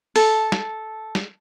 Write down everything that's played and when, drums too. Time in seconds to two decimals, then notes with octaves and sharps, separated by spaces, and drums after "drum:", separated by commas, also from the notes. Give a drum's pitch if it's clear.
0.16 A4, drum: open hi-hat
0.52 drum: snare
1.15 drum: snare